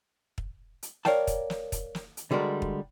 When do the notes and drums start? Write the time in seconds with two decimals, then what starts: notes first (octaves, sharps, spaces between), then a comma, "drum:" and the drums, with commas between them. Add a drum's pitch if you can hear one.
0.38 drum: kick
0.83 drum: hi-hat
1.05 A#4 C#5 D5 F5 G5 A5, drum: snare
1.27 drum: kick, hi-hat
1.50 drum: snare
1.72 drum: kick, hi-hat
1.95 drum: snare
2.17 drum: hi-hat
2.31 D3 G3 G#3 F#4 A#4
2.62 drum: kick